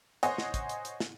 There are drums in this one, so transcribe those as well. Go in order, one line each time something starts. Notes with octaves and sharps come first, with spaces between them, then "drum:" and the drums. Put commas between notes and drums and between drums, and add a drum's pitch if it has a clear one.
C5 C#5 D#5 F#5 G#5, drum: hi-hat
drum: snare
drum: kick, hi-hat
drum: hi-hat
drum: hi-hat
drum: snare